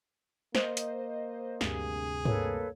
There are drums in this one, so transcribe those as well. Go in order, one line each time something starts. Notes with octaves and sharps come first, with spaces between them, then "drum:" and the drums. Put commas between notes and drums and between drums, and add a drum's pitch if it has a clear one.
A#3 C5 D#5, drum: snare
drum: hi-hat
D2 G2 C3 G#4, drum: snare
A#3 A4 B4 C#5, drum: tom G2